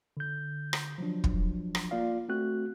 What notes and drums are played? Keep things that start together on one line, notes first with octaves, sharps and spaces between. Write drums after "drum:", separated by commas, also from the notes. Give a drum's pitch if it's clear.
D3 G6
drum: rim click
F3 F#3 D4
drum: kick
drum: rim click
A#3 F4 D5 F5
A3 C4 F#4 F#6